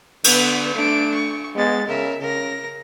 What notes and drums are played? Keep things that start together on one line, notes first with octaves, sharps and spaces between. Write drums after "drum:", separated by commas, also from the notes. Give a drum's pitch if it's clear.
D3 B3 B4, drum: cymbal
A3 D4 D7
C#6
G#3 B3 A6
C#3 A#4 E5
C#3 A#4 A#6